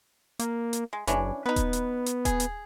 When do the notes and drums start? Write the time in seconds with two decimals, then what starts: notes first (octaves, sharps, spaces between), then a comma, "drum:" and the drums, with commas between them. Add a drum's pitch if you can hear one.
0.39 A#3, drum: hi-hat
0.73 drum: hi-hat
0.93 G#3
1.07 F#1 E3 C#4 D4, drum: hi-hat
1.46 B3 D#4 B4
1.56 drum: kick D#1, hi-hat
1.73 drum: hi-hat
2.06 drum: hi-hat
2.25 G#4, drum: kick D#1, hi-hat
2.40 drum: hi-hat